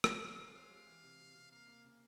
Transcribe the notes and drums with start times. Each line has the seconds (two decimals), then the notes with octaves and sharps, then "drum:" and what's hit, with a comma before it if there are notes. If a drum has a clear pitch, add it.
0.04 drum: rim click
0.22 C4 F5
0.38 G#3
0.54 C#5 F5
0.71 G4
0.87 E3
1.03 C3
1.19 C3
1.35 C3
1.51 A#3 F5
1.68 A#3
1.84 C#3